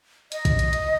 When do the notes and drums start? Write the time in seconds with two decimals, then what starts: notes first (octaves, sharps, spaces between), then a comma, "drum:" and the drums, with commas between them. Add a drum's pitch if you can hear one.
0.32 D#5, drum: hi-hat
0.45 drum: kick, hi-hat
0.59 drum: hi-hat
0.73 drum: hi-hat